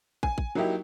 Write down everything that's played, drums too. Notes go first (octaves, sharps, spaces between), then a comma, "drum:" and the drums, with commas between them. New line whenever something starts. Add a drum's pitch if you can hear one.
G#5, drum: kick
drum: kick
F#3 A#3 D#4 E4 G4